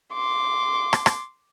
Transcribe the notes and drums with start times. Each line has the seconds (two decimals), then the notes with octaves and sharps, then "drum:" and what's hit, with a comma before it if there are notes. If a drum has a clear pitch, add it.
0.14 C6 D6
0.93 drum: rim click
1.06 drum: rim click